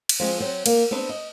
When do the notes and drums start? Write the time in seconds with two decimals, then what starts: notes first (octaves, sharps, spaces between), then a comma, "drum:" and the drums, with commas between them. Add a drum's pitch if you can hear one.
0.09 drum: cymbal
0.20 F3 G#3 C4
0.40 F#3 C4 C5
0.66 A#3, drum: cymbal
0.91 B3 C4 D4 B4
1.09 D#5